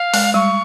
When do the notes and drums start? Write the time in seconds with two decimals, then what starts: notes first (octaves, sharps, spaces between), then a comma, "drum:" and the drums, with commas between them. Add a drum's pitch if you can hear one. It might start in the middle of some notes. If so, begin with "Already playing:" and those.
Already playing: F5
0.14 G#3, drum: open hi-hat
0.34 G3 C#6